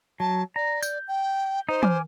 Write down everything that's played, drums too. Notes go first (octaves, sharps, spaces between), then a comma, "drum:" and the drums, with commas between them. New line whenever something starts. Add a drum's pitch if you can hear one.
F#3 A5
D5 A#5
G6, drum: tambourine
G5
D#4 C5
G#5 D6 F6, drum: tom